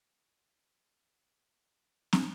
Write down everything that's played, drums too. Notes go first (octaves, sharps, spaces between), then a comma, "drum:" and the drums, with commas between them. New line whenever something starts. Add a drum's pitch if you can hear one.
F#4 D#5
B3 G4 F#5
C4 C#5
drum: snare